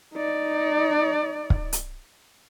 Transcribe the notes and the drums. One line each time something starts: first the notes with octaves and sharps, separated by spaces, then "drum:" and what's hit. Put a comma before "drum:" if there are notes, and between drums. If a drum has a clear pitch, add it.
D#4 D5
drum: kick
drum: hi-hat